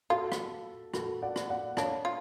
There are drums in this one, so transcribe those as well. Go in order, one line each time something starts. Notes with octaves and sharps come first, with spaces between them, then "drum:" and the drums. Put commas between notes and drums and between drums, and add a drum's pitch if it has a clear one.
F4 F#4 A4
drum: rim click
F#4 A4, drum: rim click
D5 F#5
drum: rim click
D5 F#5
D4 C#5 F5, drum: rim click
F4